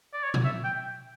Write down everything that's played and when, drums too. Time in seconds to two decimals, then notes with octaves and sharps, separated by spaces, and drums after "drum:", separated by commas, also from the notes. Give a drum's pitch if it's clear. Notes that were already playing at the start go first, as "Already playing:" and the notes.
0.13 D5
0.23 C#5
0.34 drum: tom A#2
0.44 E5
0.64 G5